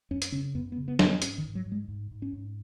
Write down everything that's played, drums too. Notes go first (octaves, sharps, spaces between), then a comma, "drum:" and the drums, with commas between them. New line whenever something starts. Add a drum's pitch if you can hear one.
F#2 C#4
drum: hi-hat
C#3 C#4
F#2 B3
B3
C#3
B3
F#2, drum: snare
B3
G#2 C#4, drum: hi-hat
D#3
G#2
F#3
G#2
G#3
G#2
G#2
C#4
G#2